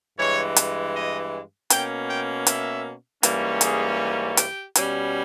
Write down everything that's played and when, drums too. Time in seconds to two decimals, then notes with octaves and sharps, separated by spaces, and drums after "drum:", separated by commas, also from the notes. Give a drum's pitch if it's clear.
0.18 G2 E3 G#3 C#5
0.56 drum: hi-hat
0.94 D#5
1.70 B2 A#3 C#4 G5, drum: hi-hat
2.09 G5
2.47 E5, drum: hi-hat
3.23 G#2 E3 G3 A#3 C#4, drum: hi-hat
3.61 G#4, drum: hi-hat
4.37 G4, drum: hi-hat
4.75 B2 G3 C#4, drum: hi-hat